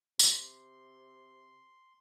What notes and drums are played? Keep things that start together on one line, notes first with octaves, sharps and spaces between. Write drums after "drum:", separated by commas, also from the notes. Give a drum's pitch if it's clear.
C3 C6, drum: tambourine